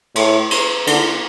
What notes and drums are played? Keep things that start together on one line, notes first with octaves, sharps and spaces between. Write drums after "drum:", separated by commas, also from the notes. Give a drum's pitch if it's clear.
A2, drum: cymbal
drum: cymbal
D3, drum: cymbal